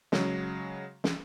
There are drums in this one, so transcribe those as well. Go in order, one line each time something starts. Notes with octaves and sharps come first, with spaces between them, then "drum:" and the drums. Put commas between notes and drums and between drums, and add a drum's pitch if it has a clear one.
C#3 F#3 G#3, drum: snare
drum: snare